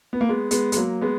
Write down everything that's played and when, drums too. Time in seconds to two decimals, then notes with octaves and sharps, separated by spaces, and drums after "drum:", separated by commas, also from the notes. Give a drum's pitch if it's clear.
0.13 B3
0.21 A#3
0.29 G#3 B3
0.51 G#3 B3, drum: hi-hat
0.72 G#3, drum: hi-hat
0.77 F#3 A#3
1.01 G#3 B3